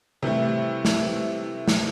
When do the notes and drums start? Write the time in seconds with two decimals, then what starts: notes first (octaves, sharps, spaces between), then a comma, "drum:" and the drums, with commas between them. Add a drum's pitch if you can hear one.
0.23 C3 E3 G3 A3
0.85 drum: snare
1.68 drum: snare